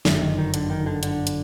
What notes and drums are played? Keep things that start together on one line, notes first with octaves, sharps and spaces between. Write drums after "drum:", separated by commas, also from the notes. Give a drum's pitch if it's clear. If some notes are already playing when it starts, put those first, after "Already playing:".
G1 F#2 D3 E3, drum: snare
D#3
D#3
D3, drum: hi-hat
D#3
D3
D3, drum: hi-hat
drum: hi-hat